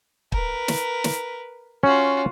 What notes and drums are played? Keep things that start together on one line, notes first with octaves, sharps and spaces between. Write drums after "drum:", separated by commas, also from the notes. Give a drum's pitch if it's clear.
A#4 B4, drum: kick
drum: snare
drum: snare
C#4 F4 F#4